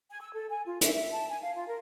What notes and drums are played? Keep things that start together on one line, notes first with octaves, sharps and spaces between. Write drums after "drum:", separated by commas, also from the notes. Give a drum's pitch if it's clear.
G#5
E6
A4
G#5
F4
E5, drum: hi-hat
E5
A5
G#5
F5
F4
A#4